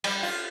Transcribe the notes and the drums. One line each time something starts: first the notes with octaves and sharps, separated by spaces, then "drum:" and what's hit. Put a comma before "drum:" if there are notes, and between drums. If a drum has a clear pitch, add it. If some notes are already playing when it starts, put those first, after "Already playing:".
G3, drum: cymbal
F4